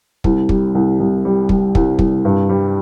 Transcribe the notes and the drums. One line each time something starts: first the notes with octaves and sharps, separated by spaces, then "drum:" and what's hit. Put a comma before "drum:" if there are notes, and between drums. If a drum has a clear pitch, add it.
C2, drum: kick
G3, drum: kick
C2
C2
G3
G3, drum: kick
C2, drum: kick
C2, drum: kick
G2
G3